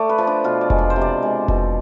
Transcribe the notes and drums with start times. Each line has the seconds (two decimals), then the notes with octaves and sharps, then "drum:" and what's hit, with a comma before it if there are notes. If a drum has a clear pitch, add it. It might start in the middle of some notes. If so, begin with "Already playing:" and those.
Already playing: A3 D5
0.09 B4
0.18 F3
0.27 D4
0.44 B2 F4
0.61 D5
0.70 G#3, drum: kick F1
0.78 D5
0.90 C5
0.96 C3
1.01 D5
1.22 G#3
1.48 B2, drum: kick F1